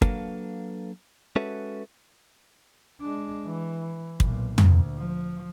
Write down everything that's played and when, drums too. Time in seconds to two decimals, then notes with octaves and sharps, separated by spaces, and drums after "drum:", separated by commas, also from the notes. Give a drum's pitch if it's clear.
0.02 F#3 A#3 D4 A4 B4 F5, drum: kick
1.36 G#3 C#4 F#4 A4 B4 E5
3.01 G#3 D4
3.45 E3
4.20 B1 A#2, drum: kick
4.58 D2, drum: tom
4.97 F3